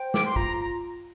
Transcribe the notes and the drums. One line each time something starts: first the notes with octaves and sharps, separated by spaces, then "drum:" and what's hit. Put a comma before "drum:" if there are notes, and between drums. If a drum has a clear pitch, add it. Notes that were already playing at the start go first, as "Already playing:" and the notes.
Already playing: C5 G5
D6, drum: snare
C6
F4 A#5, drum: kick
A#5